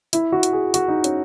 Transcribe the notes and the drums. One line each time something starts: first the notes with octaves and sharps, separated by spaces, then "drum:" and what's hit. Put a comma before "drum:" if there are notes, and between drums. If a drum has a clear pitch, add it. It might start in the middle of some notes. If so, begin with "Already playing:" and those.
E4, drum: hi-hat
F#4
drum: hi-hat
G#4
F#4, drum: hi-hat
D#4
C#4, drum: hi-hat